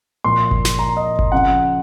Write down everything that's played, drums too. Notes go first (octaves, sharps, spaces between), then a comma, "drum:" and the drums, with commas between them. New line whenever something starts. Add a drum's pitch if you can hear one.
A#2 F3 C6
drum: kick G1
drum: snare
A#5
D#5
drum: kick G1
C#3 F3 F#5